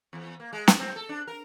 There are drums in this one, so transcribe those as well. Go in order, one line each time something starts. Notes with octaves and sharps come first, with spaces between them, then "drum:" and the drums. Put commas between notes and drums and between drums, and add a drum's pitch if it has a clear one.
E2
A#3
G#3
drum: snare
C4
A4
D4
A#4